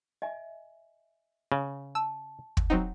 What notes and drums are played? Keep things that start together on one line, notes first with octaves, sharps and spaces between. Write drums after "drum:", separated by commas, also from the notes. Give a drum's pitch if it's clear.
D#5 E5 G#5
C#3
A5 E6
drum: kick
F#3 C4 D#4 F#5